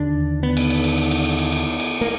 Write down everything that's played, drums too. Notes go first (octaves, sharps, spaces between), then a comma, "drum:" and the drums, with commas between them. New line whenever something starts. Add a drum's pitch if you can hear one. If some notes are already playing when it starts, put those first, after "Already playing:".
Already playing: D#2 D3 D4
B3
drum: cymbal
drum: cymbal
drum: cymbal
drum: cymbal
drum: cymbal
drum: cymbal
drum: cymbal
drum: cymbal
drum: cymbal
A#3